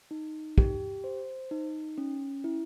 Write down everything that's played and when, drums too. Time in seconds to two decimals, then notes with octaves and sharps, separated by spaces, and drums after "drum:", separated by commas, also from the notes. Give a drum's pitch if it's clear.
0.11 D#4
0.58 G4, drum: kick
1.04 C5
1.51 D#4
1.98 C#4
2.44 E4